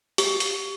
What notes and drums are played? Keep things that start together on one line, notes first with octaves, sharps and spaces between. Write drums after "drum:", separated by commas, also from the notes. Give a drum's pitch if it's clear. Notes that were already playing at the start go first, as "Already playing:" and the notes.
G4, drum: hi-hat
drum: hi-hat